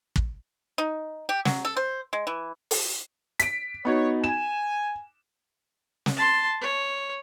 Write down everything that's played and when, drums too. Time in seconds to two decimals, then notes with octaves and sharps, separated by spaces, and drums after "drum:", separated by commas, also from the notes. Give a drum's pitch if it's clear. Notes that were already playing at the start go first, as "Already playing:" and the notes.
0.16 drum: kick
0.78 D#4
1.29 G4
1.45 F#3, drum: snare
1.65 A4
1.77 C5
2.13 G#3
2.27 E3
2.71 drum: open hi-hat
3.39 B6 D7, drum: hi-hat
3.85 B3 D#4 F#4 C#5
4.24 G#5 E7
6.06 drum: snare
6.17 A5 C6
6.61 C#5